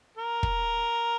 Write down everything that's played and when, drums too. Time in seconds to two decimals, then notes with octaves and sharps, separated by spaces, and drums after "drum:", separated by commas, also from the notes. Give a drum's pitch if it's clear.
0.17 A#4
0.43 drum: kick